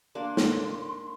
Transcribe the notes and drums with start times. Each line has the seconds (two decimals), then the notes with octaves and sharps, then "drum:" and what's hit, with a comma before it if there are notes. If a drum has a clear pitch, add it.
0.15 A#3 D4 C6
0.37 drum: snare